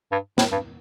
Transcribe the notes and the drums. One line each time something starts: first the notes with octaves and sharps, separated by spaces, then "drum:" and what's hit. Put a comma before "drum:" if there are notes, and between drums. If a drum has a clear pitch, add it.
G2
A2, drum: snare
G2